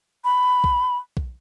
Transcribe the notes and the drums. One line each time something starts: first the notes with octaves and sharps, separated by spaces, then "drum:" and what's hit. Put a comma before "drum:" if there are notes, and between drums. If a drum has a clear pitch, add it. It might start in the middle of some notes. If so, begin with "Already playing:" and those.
B5
drum: kick B1
drum: kick B1